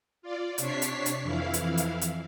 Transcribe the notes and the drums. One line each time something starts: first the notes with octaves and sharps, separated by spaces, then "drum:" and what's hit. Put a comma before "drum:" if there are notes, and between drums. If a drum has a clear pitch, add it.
F4 D5
C3 D4 C#5 C#6 B6 C7, drum: hi-hat
drum: hi-hat
drum: hi-hat
F2 E3 E4 F5
drum: hi-hat
drum: hi-hat
drum: hi-hat